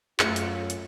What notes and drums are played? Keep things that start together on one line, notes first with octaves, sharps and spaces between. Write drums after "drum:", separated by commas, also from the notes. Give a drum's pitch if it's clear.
F#2 A3 F4 C#7, drum: clap
drum: hi-hat
drum: hi-hat